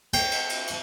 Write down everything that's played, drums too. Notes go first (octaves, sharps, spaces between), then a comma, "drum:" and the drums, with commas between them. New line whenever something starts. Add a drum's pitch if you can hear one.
G5, drum: cymbal
drum: cymbal
drum: cymbal
drum: cymbal